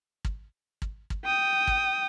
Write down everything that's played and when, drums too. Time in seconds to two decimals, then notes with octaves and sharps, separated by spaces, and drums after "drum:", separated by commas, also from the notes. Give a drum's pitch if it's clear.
0.25 drum: kick
0.82 drum: kick
1.10 drum: kick
1.25 G5 D#6
1.67 drum: kick